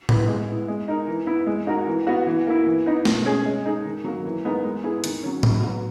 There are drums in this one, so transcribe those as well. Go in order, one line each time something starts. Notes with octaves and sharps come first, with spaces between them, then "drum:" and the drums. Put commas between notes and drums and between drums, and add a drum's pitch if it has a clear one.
B3 E4, drum: tom A2
G#3
B3 E4
G#3
D#4 A#4
E3
B3 E4
G#3
D#4 F#4 A#4
E3
B3 F#4
E3
A#3 E4
E3
B3 D#4
B2, drum: snare
G#3 C#4 G#4
G#3
D#4 G#4
D#3
F#3 A#3
E3
G#3 B3 D#4 A#4
G#3
B3 E4 G#4
D#3, drum: hi-hat
F#3 C#4
F#3, drum: tom A2
B3 F#4